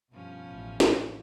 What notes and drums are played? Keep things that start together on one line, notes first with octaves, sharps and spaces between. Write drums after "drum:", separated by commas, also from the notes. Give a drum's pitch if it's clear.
G2 B2 F3 C#4
A1
drum: snare